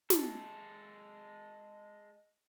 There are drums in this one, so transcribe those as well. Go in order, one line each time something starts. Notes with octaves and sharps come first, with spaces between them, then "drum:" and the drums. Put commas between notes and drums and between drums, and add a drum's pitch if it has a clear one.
G#3 A4, drum: snare